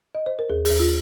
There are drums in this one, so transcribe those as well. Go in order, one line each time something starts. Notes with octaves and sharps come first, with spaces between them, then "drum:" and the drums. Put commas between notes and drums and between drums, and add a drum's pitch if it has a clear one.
D#5
C5
A#4
D#2 G#4
G#4, drum: open hi-hat
D#2
F4